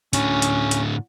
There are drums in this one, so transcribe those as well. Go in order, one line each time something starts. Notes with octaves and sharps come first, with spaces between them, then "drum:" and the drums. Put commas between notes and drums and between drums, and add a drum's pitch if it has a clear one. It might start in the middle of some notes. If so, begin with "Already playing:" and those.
A2 D3 C#4, drum: hi-hat
drum: hi-hat
drum: hi-hat